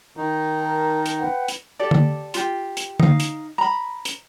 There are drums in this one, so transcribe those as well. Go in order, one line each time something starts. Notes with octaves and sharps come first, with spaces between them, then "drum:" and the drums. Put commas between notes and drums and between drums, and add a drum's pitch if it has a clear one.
D#3 D#4
A#4 A5 A#5
drum: hi-hat
B4 F#5 G5
drum: hi-hat
G4 A4 D5
drum: tom D3
F4 G4, drum: hi-hat
drum: hi-hat
D#4 F5, drum: tom D3
drum: hi-hat
A#5 B5
drum: hi-hat